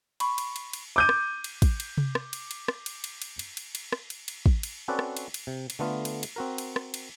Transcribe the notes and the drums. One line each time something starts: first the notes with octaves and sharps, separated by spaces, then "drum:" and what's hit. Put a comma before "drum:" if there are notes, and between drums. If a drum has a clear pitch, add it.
B5 C#6, drum: cymbal
drum: cymbal
drum: cymbal
drum: cymbal
D6 G6 D#7
drum: rim click
drum: cymbal
drum: kick, cymbal
drum: cymbal
drum: tom C3
drum: rim click
drum: cymbal
drum: cymbal
drum: rim click
drum: cymbal
drum: cymbal
drum: cymbal
drum: cymbal
drum: cymbal
drum: cymbal
drum: rim click
drum: cymbal
drum: cymbal
drum: kick
drum: cymbal
C4 C#4 F#4 A4 B4 D5
drum: rim click
drum: cymbal
drum: cymbal
C3
drum: cymbal
D3 A3 B3 F4
drum: cymbal
drum: cymbal
C4 F#4 A#4
drum: cymbal
drum: rim click
drum: cymbal